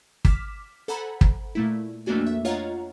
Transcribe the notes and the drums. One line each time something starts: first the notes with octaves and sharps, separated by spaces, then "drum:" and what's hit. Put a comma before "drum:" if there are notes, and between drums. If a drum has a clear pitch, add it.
D6 F6 B6 E7, drum: kick
A4 C5 F#5 G#5 A#5 B5
drum: kick
A#2 A3 E4
F2 A3 A#3 D4 F#4 G#5
E5
F4 C#5 D#5 F5 F#5 A#5